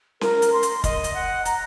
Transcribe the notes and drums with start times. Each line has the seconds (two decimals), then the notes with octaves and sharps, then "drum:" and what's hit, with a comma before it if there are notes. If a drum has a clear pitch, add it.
0.21 A#4, drum: snare C#4
0.42 drum: hi-hat
0.53 C6
0.63 drum: hi-hat
0.84 D#5, drum: kick, hi-hat
1.04 drum: hi-hat
1.14 F#5
1.45 A#5, drum: hi-hat